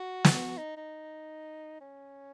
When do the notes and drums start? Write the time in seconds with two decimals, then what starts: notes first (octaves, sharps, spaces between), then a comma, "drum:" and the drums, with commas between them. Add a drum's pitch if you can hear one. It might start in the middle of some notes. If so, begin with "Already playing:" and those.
Already playing: F#4
0.25 drum: snare
0.57 D#4
0.77 D#4
1.81 C#4